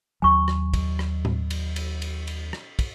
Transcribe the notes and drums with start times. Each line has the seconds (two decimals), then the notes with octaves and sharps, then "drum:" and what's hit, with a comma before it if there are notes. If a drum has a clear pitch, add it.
0.22 D#2 F#3 G#5 C#6
0.48 drum: rim click
0.74 drum: kick, cymbal
0.99 drum: rim click
1.25 drum: tom A2
1.50 drum: cymbal
1.76 drum: cymbal
2.02 drum: cymbal
2.27 drum: cymbal
2.53 drum: rim click
2.79 drum: kick, cymbal